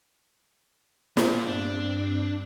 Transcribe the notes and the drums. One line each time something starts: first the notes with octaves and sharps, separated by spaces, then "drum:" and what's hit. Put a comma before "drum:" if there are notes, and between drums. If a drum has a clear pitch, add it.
A#2, drum: snare
G2 C4 D4